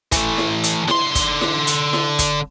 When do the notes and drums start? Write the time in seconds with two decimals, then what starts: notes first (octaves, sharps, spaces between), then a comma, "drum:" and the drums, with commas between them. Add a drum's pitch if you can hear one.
0.12 E3 A3, drum: kick, hi-hat
0.38 drum: snare E4
0.64 drum: hi-hat
0.88 D3 C6, drum: snare E4
1.15 drum: kick, hi-hat
1.41 drum: snare E4
1.67 drum: hi-hat
1.93 drum: snare E4
2.19 drum: kick, hi-hat